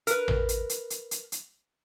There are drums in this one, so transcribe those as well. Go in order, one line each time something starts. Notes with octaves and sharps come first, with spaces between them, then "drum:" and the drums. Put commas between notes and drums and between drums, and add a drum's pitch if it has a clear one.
A#4 B4, drum: hi-hat
drum: tom A1
drum: hi-hat
drum: hi-hat
drum: hi-hat
drum: hi-hat
drum: hi-hat